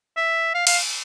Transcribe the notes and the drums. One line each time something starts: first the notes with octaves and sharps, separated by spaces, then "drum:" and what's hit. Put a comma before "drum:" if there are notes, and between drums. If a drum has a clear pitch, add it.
E5
F5
F5, drum: cymbal